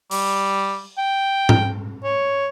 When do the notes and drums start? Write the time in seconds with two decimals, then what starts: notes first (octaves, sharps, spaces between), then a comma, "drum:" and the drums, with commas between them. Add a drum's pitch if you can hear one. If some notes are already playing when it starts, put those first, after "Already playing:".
0.11 G3, drum: open hi-hat
0.98 G5
1.49 drum: tom G#2
2.04 C#5